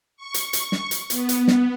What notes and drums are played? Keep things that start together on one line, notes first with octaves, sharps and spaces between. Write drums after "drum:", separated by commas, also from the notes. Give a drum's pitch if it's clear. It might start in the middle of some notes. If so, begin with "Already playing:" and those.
C#6
drum: hi-hat
drum: hi-hat
drum: snare
drum: hi-hat
B3, drum: hi-hat
drum: hi-hat
drum: snare